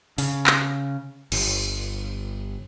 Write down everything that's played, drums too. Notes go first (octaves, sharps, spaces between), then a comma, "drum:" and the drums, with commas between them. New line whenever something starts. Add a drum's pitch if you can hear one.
C#3, drum: open hi-hat
drum: clap
G1, drum: cymbal